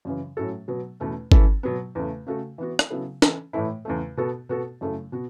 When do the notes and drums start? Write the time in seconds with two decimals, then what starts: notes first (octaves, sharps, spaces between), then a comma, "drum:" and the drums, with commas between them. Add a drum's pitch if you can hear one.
0.05 F#2 C#3 E3
0.37 A2 F#3 C#4 F#4 A4
0.68 B2 F#3 B3
1.00 E2 B2 A3 C#4
1.32 E3 C#4 E4 A4, drum: kick G1
1.63 B2 F#3 B3
1.95 E2 C#3 A3
2.27 C#3 A3 F#4 A4
2.58 E3 B3 F#4
2.79 drum: rim click
2.90 C#3 F#3 B3 E4 A4
3.22 E3 C#4 A4, drum: snare
3.53 A2 E3 A3 E4
3.85 E2 C#3 A3
4.17 B2 B3 F#4 A4
4.49 B2 B3 F#4 A4
4.81 F#2 C#3 A3 E4 A4
5.12 B2 B3 F#4